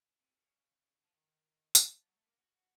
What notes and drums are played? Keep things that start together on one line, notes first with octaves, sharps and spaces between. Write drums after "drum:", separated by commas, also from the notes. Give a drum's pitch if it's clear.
C3
C#3
F3
D#3
F3, drum: hi-hat
F3
F#3
A3
A#3
F#4